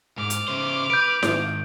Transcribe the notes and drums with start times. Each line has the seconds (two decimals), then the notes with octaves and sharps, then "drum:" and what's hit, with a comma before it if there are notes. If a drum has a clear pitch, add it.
0.18 G#2 D6 F6
0.30 drum: hi-hat
0.48 C#3 C5
0.90 B4 G6 D7
1.23 G#2 D#3, drum: snare E4